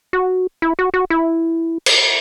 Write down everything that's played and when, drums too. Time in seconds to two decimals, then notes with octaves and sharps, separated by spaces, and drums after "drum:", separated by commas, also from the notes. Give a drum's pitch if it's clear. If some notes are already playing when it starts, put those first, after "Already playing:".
0.13 F#4
0.62 E4
0.79 F#4
0.94 F#4
1.10 E4
1.86 drum: cymbal